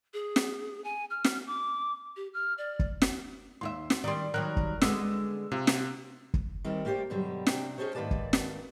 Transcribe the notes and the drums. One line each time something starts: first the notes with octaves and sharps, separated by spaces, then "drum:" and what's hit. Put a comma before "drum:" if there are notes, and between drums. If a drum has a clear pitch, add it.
G#4
drum: snare
G#5
F6
drum: snare
D6
G4
F6
D5
drum: kick
drum: snare
D#2 F4 E5 C6
drum: snare
D#3 G3 D5 C6
D#3 F#3 G3 A#4 F#6
drum: kick
D3 G#3 B3 E6, drum: snare
C3 F4
drum: snare
drum: kick
D#3 G3 C4 A4 A#4 D5
A3 A#3 G4 C5 D5
G2 B2 D3 F#3 G3
C3 D4 G5, drum: snare
C#4 D#4 G#4 A4 C5 C#5
G#2 D#3 A#3 B4 D5 A5
drum: kick
drum: snare